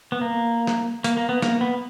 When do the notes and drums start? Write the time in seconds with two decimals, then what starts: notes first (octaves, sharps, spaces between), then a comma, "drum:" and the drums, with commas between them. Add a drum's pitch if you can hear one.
0.12 B3
0.21 A#3
0.67 drum: snare
1.04 A#3, drum: hi-hat
1.17 A#3
1.29 B3
1.42 A#3, drum: snare
1.61 B3